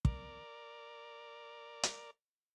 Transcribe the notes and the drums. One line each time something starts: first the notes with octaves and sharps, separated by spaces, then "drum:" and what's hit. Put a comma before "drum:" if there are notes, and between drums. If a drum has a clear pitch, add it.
A#4 D5, drum: kick
drum: hi-hat